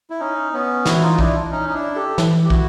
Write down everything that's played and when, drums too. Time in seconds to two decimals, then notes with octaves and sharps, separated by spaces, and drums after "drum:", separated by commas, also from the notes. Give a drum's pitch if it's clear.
0.10 E4
0.20 C#4 D#4
0.53 B3 C#4
0.85 E3 E4 F#4, drum: snare
1.02 D#4 F4
1.19 D4 E4, drum: kick
1.51 C#4 D#4
1.69 D#4
1.74 D4 E4
1.95 G4 A4
2.18 E3, drum: snare
2.44 G4
2.50 E4 F#4, drum: kick